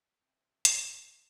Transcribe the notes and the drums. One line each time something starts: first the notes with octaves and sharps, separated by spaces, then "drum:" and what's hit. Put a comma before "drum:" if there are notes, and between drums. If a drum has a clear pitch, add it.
F2 C#3 C5 D5 E5 G5 D#6
drum: hi-hat